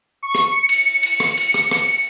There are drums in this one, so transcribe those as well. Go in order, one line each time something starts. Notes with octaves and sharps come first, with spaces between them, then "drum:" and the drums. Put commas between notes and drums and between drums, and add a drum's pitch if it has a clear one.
C#6
drum: rim click
C#7
drum: cymbal
drum: cymbal
drum: rim click
drum: cymbal
drum: rim click
drum: rim click